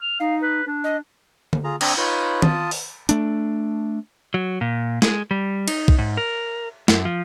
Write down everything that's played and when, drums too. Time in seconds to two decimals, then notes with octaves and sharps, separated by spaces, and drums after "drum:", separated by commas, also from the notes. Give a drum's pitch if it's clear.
0.02 F6
0.20 D#4 F5
0.42 B4
0.67 D4
0.84 D#5
1.53 drum: tom D3
1.64 F4 G#4 A#5
1.81 C4 D4 A#5 D#6, drum: cymbal
1.98 D#4 F4 B4 C#5
2.42 F4 A5 D#6, drum: tom D#3
2.71 drum: open hi-hat
3.09 A3 D4, drum: hi-hat
4.34 F#3
4.61 A#2
5.02 G#3, drum: snare
5.31 G3
5.68 D#4, drum: cymbal
5.88 drum: kick B1
5.98 G#2
6.17 A#4
6.88 F#2, drum: snare
7.05 F3